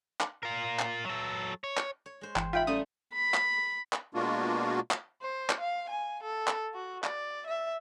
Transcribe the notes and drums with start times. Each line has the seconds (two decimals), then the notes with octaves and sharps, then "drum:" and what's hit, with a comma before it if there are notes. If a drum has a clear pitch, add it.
0.21 drum: clap
0.43 F4 A#4
0.79 drum: clap
1.05 F#3 A4
1.64 C#5
1.77 drum: clap
2.06 C#5
2.21 G#3 C5
2.36 G1 E3 G5, drum: clap
2.53 G#2 F4 E5 F5 G5 B5 B6
2.67 G3 A3 C#4 E4 D#6
3.13 B5
3.34 drum: clap
3.93 drum: clap
4.14 B2 G#3 A#3 D4 F4 F#4
4.91 drum: clap
5.22 C5
5.50 drum: clap
5.60 F5
5.89 G#5
6.23 A4
6.48 drum: clap
6.74 F#4
7.04 D5, drum: clap
7.46 E5